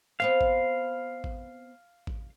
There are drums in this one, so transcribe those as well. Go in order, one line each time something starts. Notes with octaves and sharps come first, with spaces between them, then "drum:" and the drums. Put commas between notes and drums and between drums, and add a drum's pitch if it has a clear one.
B3 C4 C5 F5
drum: kick A1
drum: kick A1
drum: kick A1